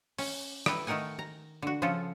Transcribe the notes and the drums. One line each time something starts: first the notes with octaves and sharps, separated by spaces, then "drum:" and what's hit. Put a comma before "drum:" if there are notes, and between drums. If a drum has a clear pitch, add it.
C#4, drum: open hi-hat
E4 G4 A4 B4, drum: rim click
D#3 A3 D#4 A#4 F#5 G#5
A#5
D3 F#4
C#3 F3 C#4 F4 F#4 A4